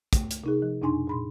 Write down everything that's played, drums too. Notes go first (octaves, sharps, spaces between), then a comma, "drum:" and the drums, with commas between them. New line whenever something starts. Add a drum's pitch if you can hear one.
A3, drum: kick, hi-hat
drum: hi-hat
C3 D#4 G#4
F3
F2 B2 D4 D#4 G#5 C6
A#2 B5 C6